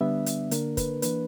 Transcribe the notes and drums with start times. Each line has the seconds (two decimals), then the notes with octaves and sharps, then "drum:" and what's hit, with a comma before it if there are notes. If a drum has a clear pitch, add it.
0.01 D3 G3 B3 D4 E5
0.26 drum: hi-hat
0.51 D3 A#3 D4 A#4, drum: hi-hat
0.77 B4, drum: kick, hi-hat
1.02 E3 A#3 D4 B4, drum: hi-hat